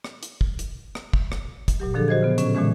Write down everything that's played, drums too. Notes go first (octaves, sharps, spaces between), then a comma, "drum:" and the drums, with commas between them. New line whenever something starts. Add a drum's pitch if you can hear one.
drum: rim click
drum: hi-hat
drum: kick
drum: hi-hat
drum: rim click
drum: kick
drum: rim click
drum: kick, hi-hat
A#2 F#3 G4
A#2 D3 F3 D4 G#4 A4
F#4 C5 D#5 G#6
C#3 B3
A2 C#4, drum: hi-hat
A#2 D3 E3 G#3 C#4